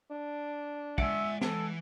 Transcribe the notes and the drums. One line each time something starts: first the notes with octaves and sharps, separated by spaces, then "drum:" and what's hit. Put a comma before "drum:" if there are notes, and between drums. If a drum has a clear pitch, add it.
D4
G#3 D5 E5 F#5 G#5, drum: kick
E3 A4, drum: snare